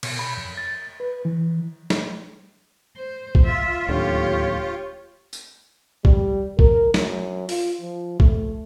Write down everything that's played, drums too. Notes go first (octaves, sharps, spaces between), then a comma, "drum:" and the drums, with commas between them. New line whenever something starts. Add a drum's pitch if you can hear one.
B2, drum: cymbal
B5
F2
A6
B4
E3
drum: snare
C5
drum: kick
F4 E5
D1 D#2 D3 G4 C#5
drum: tambourine
G3, drum: kick
A#4, drum: kick
F#2, drum: snare
F4, drum: open hi-hat
F3
A3, drum: kick